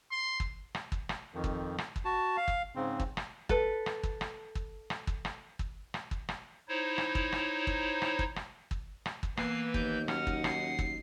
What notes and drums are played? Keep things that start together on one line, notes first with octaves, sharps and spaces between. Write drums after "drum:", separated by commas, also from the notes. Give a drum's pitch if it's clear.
C6
drum: kick
drum: rim click
drum: kick
drum: rim click
F2 D#3
drum: kick
drum: rim click
drum: kick
F#4 A5
F5
drum: kick
G#2 C#3 C4
drum: kick
drum: rim click
A4 B4, drum: kick
drum: rim click
drum: kick
drum: rim click
drum: kick
drum: rim click
drum: kick
drum: rim click
drum: kick
drum: rim click
drum: kick
drum: rim click
D#4 E4 C5 C#5
drum: rim click
drum: kick
drum: rim click
drum: kick
drum: rim click
drum: kick
drum: rim click
drum: kick
drum: rim click
drum: kick
E3 A#3 B3 B4 C7, drum: rim click
D#2 G6, drum: kick
F#3 C#4 D#4 F#5 F6, drum: rim click
drum: kick
C7, drum: rim click
drum: kick